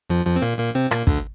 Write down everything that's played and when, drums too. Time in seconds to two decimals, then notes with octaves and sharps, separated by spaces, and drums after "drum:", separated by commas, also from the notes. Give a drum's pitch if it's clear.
0.10 F2 F3
0.26 F2 F3
0.36 C4
0.42 A#2 A#3
0.58 A#2 A#3
0.75 C3 C4
0.91 A#2 A#3, drum: rim click
1.07 D2 D3, drum: kick